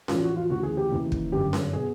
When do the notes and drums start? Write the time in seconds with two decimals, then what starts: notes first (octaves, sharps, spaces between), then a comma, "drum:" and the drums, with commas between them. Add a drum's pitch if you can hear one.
0.08 A1 A2 F3 F4, drum: snare C#4
0.23 F#4
0.36 F4
0.50 D2 C#3 E3 F#4
0.63 G#4
0.77 G4
0.91 D#2 C#3 E3
1.12 drum: kick
1.32 G1 F#2 D3 G4
1.53 drum: snare C#4
1.73 B2 G#4